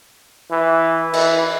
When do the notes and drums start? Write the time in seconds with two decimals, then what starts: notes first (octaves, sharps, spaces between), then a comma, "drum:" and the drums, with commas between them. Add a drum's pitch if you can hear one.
0.51 E3
1.13 E3, drum: cymbal